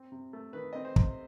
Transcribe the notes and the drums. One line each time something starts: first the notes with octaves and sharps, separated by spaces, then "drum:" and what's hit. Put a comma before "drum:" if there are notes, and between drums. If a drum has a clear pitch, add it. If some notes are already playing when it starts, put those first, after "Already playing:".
Already playing: C4
C3
A3
D#3 B4
C4 D#5
C5
C3, drum: kick